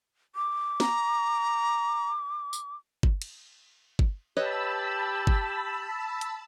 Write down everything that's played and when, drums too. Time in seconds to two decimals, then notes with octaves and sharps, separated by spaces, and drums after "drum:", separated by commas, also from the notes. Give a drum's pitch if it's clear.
0.36 D6
0.80 A#5, drum: snare
2.53 drum: tambourine
3.03 drum: kick G1
3.22 drum: cymbal
3.99 drum: kick G1
4.37 G4 B4 C#5 D#5 A5 B5 E6
5.27 drum: kick G1
6.21 drum: hi-hat